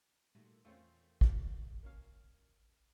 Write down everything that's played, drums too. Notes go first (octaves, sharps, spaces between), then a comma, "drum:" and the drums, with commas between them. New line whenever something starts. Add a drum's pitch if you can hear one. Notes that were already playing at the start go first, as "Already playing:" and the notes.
A#2 D#3 G3 A3 F#4
E2 A3 C4 C#4 F4 A#4
drum: kick
A#3 C#4 F5